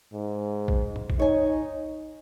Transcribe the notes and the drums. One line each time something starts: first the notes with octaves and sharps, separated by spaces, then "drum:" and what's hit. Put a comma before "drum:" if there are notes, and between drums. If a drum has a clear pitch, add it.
G#2
drum: kick
drum: tom
drum: kick
D#4 C#5 G#5